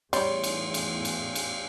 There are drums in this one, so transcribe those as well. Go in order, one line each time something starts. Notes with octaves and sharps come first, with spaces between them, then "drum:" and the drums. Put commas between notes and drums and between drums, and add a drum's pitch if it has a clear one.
E2 A2 G3 C#5 C6, drum: cymbal
drum: cymbal
drum: cymbal
drum: cymbal
drum: cymbal